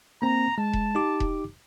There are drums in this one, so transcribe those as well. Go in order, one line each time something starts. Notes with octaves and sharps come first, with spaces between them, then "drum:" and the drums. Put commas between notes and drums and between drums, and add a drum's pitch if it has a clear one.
A#3 C4 A#5
G#3 A5
drum: kick E1
D#4 G4 D6
drum: kick E1